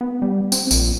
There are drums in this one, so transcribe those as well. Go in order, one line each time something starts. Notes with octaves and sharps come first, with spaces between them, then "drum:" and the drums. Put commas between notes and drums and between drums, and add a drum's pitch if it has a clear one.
B3
G3
C4, drum: tambourine
A#1, drum: tambourine